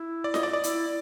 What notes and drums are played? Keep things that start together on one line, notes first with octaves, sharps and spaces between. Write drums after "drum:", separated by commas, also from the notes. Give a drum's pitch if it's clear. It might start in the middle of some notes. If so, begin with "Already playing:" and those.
Already playing: E4
D5
D#5, drum: snare F4
D5
D5
E4, drum: hi-hat